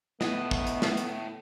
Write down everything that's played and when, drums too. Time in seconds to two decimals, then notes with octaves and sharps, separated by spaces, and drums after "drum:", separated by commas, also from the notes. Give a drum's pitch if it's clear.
0.21 A2 A3 B3 D#5, drum: snare
0.51 drum: kick
0.67 drum: hi-hat
0.82 drum: snare
0.97 drum: hi-hat